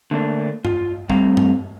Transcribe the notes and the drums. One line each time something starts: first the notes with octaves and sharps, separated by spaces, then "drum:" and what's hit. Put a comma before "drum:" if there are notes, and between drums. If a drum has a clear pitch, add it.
D3 A3 A#3 D4
F4, drum: tom G2
G3 A3 C4 F5 A#5, drum: kick
drum: tom G2